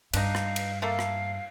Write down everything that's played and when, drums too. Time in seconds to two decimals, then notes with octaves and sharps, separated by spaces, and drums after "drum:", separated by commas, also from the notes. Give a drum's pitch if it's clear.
0.13 G2 D4 D#4 F5, drum: cymbal
0.35 drum: rim click
0.56 drum: cymbal
0.82 A3 A#3 A4 F5
0.99 drum: rim click